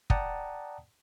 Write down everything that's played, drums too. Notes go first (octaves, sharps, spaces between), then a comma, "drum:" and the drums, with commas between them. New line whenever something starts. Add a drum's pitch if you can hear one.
D5 F#5 G5 A5 A#5 D#6, drum: kick